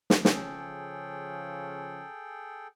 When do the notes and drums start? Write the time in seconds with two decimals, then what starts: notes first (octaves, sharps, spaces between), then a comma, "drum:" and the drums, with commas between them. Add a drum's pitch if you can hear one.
0.10 drum: snare
0.25 C#3 F3 C#4 G#4 A4 G5, drum: snare